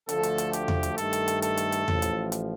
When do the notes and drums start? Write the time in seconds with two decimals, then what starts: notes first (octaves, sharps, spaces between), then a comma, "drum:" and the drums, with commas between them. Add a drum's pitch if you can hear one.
0.09 D2 D3 F3 A3 A4, drum: hi-hat
0.23 drum: hi-hat
0.38 drum: hi-hat
0.53 G4, drum: hi-hat
0.68 drum: tom E2
0.83 drum: hi-hat
0.98 G2 D#3 A3 A4, drum: hi-hat
1.13 drum: hi-hat
1.28 drum: hi-hat
1.42 A4, drum: hi-hat
1.57 drum: hi-hat
1.72 drum: hi-hat
1.88 A1 A2 F3, drum: tom E2
2.02 drum: hi-hat
2.32 drum: hi-hat